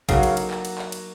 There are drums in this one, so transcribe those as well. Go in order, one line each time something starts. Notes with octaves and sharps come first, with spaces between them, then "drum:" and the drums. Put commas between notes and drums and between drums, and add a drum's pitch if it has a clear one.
C#3 F#3 A#3 D#4 F#4, drum: kick A#1, cymbal
drum: cymbal
drum: cymbal
drum: clap
drum: cymbal
drum: clap
drum: cymbal